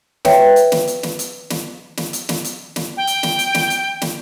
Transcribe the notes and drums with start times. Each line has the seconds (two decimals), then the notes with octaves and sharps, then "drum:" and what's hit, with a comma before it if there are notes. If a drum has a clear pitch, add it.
0.25 B4 C#5 E5 G5, drum: snare
0.56 drum: hi-hat
0.72 drum: snare
0.88 drum: hi-hat
1.03 drum: snare
1.19 drum: hi-hat
1.50 drum: snare
1.97 drum: snare
2.13 drum: hi-hat
2.29 drum: snare
2.45 drum: hi-hat
2.76 drum: snare
2.97 G5
3.07 drum: hi-hat
3.23 drum: snare
3.39 drum: hi-hat
3.54 drum: snare
3.70 drum: hi-hat
4.02 drum: snare